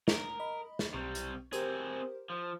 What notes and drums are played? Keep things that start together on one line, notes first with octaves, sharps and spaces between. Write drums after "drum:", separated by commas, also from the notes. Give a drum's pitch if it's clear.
A#4 D#6, drum: snare
D#5 B5
drum: snare
B1 C3 G3 C4 C#6
drum: hi-hat
C4 G4 G#4 A#4 C5, drum: hi-hat
F3